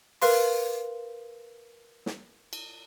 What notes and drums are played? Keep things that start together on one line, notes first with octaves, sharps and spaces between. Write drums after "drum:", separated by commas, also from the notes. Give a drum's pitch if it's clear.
A#4 B4 F5 C6, drum: open hi-hat
drum: snare
drum: cymbal